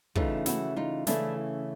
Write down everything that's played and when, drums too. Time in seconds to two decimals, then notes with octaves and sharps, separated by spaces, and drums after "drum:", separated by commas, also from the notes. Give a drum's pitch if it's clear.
0.15 C#3 E3 A3 C#4 D#4 F4, drum: kick
0.46 E4 F#4, drum: snare
0.76 D#4 F4
1.07 C#3 E3 A3 C#4 D4 E4, drum: snare